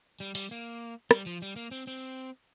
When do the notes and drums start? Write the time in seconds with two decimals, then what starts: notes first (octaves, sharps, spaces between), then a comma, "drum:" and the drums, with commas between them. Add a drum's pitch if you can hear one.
0.20 G3
0.35 G3, drum: open hi-hat
0.51 A#3
1.11 G3, drum: rim click
1.26 F3
1.42 G3
1.56 A#3
1.71 C4
1.87 C4